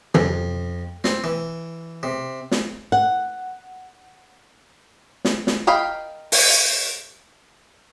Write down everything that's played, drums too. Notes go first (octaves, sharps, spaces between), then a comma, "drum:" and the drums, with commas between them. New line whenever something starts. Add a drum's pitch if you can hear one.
F2, drum: tom
C4, drum: snare
E3
C3
drum: snare
F#5
drum: snare
drum: snare
A#4 D#5 F5 G5 B5
drum: open hi-hat